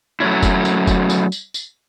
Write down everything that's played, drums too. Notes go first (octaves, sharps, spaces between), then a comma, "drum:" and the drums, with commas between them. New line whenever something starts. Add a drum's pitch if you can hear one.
F#3 A3 C#4 E4
drum: kick F1, tambourine
drum: tambourine
drum: kick F1, tambourine
drum: tambourine
drum: tambourine
drum: tambourine